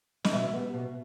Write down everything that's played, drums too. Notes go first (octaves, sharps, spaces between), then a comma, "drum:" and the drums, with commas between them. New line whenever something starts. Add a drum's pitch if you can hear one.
D#5, drum: snare
B2 E5
G3 B3
B2